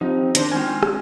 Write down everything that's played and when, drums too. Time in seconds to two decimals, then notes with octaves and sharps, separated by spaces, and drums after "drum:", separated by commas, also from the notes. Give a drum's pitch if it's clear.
0.01 F3 C4 D#4 G4 C5
0.35 D#3 B3 D4 C5 A#6 C#7 G7, drum: hi-hat
0.52 G#3 C4 D#4 F#4 G#5 F6
0.83 drum: rim click